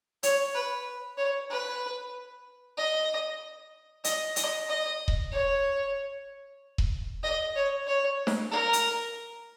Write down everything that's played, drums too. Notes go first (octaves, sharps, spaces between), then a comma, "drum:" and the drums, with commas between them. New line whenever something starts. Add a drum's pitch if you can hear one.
C#5, drum: hi-hat
B4
C#5
B4
D#5
D#5, drum: hi-hat
D#5, drum: hi-hat
D#5
drum: kick E1
C#5
drum: kick E1
D#5
C#5
C#5
drum: snare
A#4
drum: hi-hat